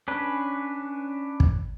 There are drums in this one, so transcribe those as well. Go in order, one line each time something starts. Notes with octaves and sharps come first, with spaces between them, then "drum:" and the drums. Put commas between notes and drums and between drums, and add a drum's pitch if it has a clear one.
C#4 D4 B4
drum: kick